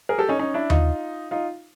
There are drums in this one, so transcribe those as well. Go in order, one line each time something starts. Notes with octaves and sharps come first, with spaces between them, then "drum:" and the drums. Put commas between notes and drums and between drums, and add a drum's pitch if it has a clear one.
G#4 A#4
G4 A4
C#4 D#4
C#4 D#4
D4 E4
D#4 F4, drum: tom D#2
D#4 F4